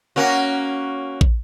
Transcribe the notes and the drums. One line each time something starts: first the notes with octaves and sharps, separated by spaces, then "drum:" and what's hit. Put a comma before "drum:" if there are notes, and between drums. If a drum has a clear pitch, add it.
A#3 C#4 F#4
drum: kick